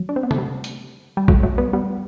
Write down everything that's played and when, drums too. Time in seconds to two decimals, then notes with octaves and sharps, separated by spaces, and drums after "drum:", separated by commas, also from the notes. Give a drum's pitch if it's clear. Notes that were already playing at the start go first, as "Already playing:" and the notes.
Already playing: F#3
0.09 D4
0.16 C4
0.23 B3
0.31 A3, drum: tom
0.38 G3
0.64 drum: hi-hat
1.17 G3
1.28 F#3 A3, drum: kick
1.43 F#3 A3
1.58 G3 B3
1.73 G3 B3